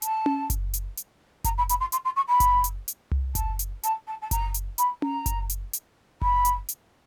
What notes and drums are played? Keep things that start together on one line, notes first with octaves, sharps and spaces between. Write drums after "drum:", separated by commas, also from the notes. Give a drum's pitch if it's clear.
A5, drum: hi-hat
drum: tom C#4
drum: kick F#1, hi-hat
drum: hi-hat
drum: hi-hat
A#5, drum: kick F#1, hi-hat
B5
B5, drum: hi-hat
C6
C6, drum: hi-hat
C6
C#6
B5
drum: kick F#1, hi-hat
drum: hi-hat
drum: hi-hat
drum: tom C2
A5, drum: kick F#1, hi-hat
drum: hi-hat
A5, drum: hi-hat
A5
A5
A#5, drum: kick F#1, hi-hat
drum: hi-hat
B5, drum: hi-hat
A#5, drum: tom C#4
drum: kick F#1, hi-hat
drum: hi-hat
drum: hi-hat
B5, drum: kick F#1
drum: hi-hat
drum: hi-hat